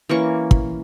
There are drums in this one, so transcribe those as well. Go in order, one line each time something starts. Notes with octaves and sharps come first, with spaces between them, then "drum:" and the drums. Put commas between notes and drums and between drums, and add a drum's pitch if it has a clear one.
E3 A#3 C#4 C#6
drum: kick